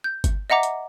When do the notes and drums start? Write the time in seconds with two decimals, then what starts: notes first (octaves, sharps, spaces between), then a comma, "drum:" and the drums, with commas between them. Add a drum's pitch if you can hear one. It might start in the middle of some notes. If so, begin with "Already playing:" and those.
0.04 G6
0.24 drum: kick G1, hi-hat
0.50 D#5 E5 F#5 A#5 D6
0.63 drum: hi-hat